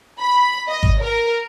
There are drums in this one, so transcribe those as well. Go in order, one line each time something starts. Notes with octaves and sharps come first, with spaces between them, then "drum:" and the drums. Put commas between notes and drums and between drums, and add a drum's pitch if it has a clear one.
B5
D#5
drum: kick G#1
A#4